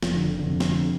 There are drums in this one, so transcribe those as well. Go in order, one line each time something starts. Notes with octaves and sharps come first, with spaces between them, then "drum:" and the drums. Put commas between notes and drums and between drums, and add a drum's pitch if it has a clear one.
F1 F3, drum: snare
D3
D3
F2 C3
drum: snare